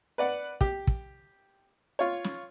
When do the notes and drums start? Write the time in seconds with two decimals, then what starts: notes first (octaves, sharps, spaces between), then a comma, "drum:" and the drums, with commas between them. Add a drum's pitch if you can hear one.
0.18 B4 D5 F#5
0.61 G4, drum: kick
0.87 drum: kick
1.99 F4 C#5
2.24 drum: snare